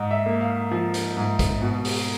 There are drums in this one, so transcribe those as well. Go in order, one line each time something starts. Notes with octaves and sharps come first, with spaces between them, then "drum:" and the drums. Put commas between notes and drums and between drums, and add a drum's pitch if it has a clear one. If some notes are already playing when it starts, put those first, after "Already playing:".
Already playing: G#2 D#5
E5
A#3
F5
F3
drum: hi-hat
G#2
drum: kick, hi-hat
B2
drum: open hi-hat